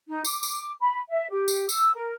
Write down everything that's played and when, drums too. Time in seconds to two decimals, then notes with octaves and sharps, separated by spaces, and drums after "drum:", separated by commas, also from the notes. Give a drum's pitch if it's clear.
0.08 D#4
0.25 D6, drum: tambourine
0.43 drum: tambourine
0.79 B5
1.09 E5
1.30 G4
1.48 drum: tambourine
1.69 E6, drum: tambourine
1.94 A#4